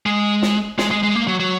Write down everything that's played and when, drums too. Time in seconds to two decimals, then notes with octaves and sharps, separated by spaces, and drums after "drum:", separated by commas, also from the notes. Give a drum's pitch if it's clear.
0.06 G#3
0.42 drum: snare
0.78 G#3, drum: snare
0.91 G#3
1.03 G#3
1.15 A#3
1.28 F#3
1.40 F#3